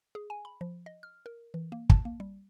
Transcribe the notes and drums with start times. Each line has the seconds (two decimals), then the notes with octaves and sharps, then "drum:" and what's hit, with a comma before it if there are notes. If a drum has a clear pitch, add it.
0.15 G#4
0.30 G#5
0.45 B5
0.61 F3
0.86 D#5
1.03 F6
1.26 A#4
1.54 E3
1.72 A#3
1.90 A5, drum: kick
2.05 A#3
2.20 G3